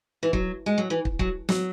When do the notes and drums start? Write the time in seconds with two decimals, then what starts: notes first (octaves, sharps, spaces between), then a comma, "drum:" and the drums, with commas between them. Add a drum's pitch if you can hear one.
0.23 E3
0.33 F#3, drum: kick
0.66 G#3
0.78 F#3
0.90 E3
1.05 drum: kick
1.19 F#3, drum: kick
1.49 F#3, drum: snare